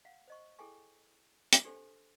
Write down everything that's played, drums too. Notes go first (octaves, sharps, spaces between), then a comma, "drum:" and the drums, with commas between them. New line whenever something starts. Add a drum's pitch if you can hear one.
F5 F#5
C5 D#5 C#6
E4 G#4 A4 G5 G#5 C#6
drum: hi-hat
D4 G4 A4 C5 G#5 C6